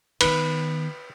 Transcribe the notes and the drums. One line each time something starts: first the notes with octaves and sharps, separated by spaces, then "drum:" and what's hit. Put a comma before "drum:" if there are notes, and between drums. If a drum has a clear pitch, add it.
D#3 B3 B4, drum: cymbal